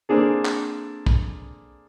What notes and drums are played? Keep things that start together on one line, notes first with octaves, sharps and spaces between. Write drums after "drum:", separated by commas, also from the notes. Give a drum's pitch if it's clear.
A#3 C4 D4 G#4 A4
drum: clap
drum: kick